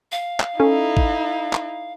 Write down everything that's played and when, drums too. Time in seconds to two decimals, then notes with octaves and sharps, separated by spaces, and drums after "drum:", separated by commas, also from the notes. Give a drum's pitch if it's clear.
0.12 F5
0.40 drum: clap
0.60 C#4 D#4 E4 A4
0.97 drum: kick
1.53 drum: clap